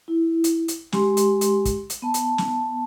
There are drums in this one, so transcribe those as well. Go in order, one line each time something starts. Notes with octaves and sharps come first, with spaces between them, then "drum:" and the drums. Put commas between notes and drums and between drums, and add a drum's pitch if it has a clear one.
E4
drum: hi-hat
drum: hi-hat
G#3 G4 C6, drum: snare
drum: hi-hat
drum: hi-hat
drum: kick, hi-hat
drum: hi-hat
B3 A5
drum: hi-hat
drum: snare